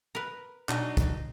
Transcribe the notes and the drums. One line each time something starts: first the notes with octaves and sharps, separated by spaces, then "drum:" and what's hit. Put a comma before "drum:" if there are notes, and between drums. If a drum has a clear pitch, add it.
A#4 B4
B2 F#3 D4 D#4, drum: clap
drum: kick, hi-hat